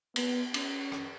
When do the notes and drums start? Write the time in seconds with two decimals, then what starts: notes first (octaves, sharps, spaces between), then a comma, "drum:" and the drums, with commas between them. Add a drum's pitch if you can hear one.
0.16 B3, drum: cymbal
0.54 C#4, drum: cymbal
0.92 drum: rim click